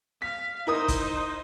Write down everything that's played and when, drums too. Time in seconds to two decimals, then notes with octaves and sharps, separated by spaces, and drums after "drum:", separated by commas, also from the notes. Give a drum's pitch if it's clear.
0.22 F5 B6
0.67 D#4 E4 A#4 C5 D#6
0.88 drum: kick, hi-hat